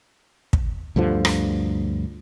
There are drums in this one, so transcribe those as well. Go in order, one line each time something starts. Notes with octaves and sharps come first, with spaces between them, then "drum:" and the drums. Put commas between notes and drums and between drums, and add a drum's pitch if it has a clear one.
drum: kick
D2 G2 D3 F3
drum: rim click